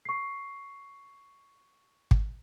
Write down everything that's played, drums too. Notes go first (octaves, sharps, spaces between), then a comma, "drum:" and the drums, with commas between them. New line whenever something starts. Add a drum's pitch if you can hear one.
C#6 C7
drum: kick